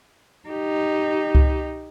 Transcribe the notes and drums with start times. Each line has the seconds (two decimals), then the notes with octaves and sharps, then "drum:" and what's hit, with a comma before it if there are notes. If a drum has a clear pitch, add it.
0.49 D#4 G4
1.35 drum: kick C#2